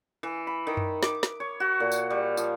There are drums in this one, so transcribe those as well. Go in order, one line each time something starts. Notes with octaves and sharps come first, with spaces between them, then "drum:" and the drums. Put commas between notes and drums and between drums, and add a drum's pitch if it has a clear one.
E3
B5
D#3
drum: tom F#2
D6, drum: snare
drum: snare
C#5
F#4
A#2
drum: tambourine
G3
F3, drum: tambourine